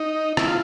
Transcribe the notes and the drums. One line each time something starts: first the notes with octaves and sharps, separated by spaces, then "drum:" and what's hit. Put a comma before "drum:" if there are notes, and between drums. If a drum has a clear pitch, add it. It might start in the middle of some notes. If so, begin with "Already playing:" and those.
Already playing: D#4
E4, drum: rim click
F4